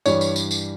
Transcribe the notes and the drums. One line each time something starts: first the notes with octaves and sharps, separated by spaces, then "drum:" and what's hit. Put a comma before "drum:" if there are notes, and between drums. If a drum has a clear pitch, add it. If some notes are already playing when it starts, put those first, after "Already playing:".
G2 E3 G3 C#5, drum: tambourine
drum: tambourine
drum: tambourine
drum: tambourine